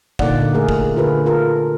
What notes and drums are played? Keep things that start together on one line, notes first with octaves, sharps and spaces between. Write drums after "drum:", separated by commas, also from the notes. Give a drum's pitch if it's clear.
A#2 D3 A#3 D#4 D5 F#5, drum: kick
A3 G#4 A#4
drum: kick
D3 F4 G#4 A#4 B4
F4 A4 A#4